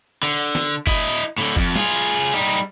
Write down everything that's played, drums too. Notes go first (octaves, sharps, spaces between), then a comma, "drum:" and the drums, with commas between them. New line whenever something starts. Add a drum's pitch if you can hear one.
D3, drum: open hi-hat
drum: snare
E4 D#5, drum: kick
A2 D3
F2, drum: kick
F4 G#4, drum: tom G3
G3 D#4